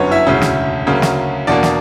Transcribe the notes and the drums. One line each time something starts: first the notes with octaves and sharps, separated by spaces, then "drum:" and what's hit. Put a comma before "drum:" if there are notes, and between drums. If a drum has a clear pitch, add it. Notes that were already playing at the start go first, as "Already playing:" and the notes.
Already playing: G1 F#2 D3 B3 C#4 B4 C#5
E4 E5
E1 D2 C#3
drum: snare
D2 C#3 F#3 A#3
drum: snare
E2 B2 A#3 D4 D5
drum: snare